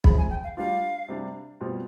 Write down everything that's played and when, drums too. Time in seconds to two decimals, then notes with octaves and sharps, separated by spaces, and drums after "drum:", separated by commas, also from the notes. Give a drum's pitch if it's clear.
0.04 C3 F3 G#3 B5, drum: kick
0.18 G#5
0.30 G5
0.44 F5
0.57 G3 D4 F4 F5
1.09 C3 G3 D4
1.60 B2 G3 C4 F4